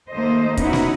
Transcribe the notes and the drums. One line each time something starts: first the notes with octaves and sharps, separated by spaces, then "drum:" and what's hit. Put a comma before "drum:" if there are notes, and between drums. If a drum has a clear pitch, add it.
D#2 A3 A#3 C5 D#5
B3 C#4 D#4 E4 F#4, drum: kick, hi-hat
drum: snare